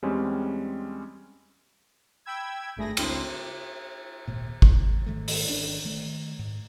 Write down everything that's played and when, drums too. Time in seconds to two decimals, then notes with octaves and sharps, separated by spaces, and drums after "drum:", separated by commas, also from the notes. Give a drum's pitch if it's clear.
0.02 E2 G3 G#3 C4 C#4
2.25 G5 B5 E6 G#6
2.76 G#1 G2 A3 G#4 B5 A#6
2.97 C#2 C4 D4 E4 C6, drum: cymbal
4.27 D#1 G#1 A#2
4.62 A1 E2, drum: kick G#1
5.06 G#2 D#3 G3 A3
5.28 drum: open hi-hat
5.49 G#1 D#3 C#4 D4
5.85 D#3 A3
6.39 G#2